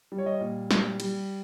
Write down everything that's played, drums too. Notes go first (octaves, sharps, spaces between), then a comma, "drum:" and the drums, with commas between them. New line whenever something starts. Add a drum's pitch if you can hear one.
G3
C#5
D#5
A#2
G3, drum: snare
G3, drum: cymbal